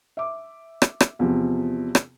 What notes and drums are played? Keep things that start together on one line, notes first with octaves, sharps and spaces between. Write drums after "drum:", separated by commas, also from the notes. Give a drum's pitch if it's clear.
E5 D6
drum: rim click
drum: rim click
E2 C3 F3
drum: rim click